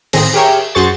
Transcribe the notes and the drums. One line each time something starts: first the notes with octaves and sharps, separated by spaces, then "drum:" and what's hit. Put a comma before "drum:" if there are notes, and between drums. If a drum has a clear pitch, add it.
A2 D#3 C4 G#4 A#6, drum: cymbal
G4 G#4 A#4 C#5 E5 G5
F#2 F#4 G#4 C5 C#6 A6